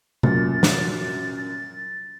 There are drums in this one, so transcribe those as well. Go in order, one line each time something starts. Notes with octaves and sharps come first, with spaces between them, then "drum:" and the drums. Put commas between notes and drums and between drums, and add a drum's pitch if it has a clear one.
F#2 A#2 A6, drum: tom C3
drum: snare